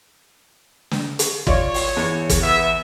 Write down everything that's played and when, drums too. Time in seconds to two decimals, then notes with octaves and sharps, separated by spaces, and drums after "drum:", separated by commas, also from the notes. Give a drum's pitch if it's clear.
0.91 drum: snare
1.19 drum: hi-hat
1.47 F4 C#5 D5, drum: kick
1.74 drum: open hi-hat
1.97 E2
2.29 drum: kick, hi-hat
2.42 B3 E5